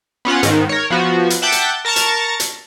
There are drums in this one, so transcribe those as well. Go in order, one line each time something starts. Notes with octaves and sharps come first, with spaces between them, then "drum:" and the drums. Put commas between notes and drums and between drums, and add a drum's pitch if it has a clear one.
B3 C#4 F4 F#5
G#2 D#3, drum: hi-hat
A#4 C#5
F3 B3 F#4
drum: hi-hat
E5 F#5 G5 A5 D6 G6
drum: hi-hat
A#4 A5 A#5 C#6 A6
drum: hi-hat
drum: hi-hat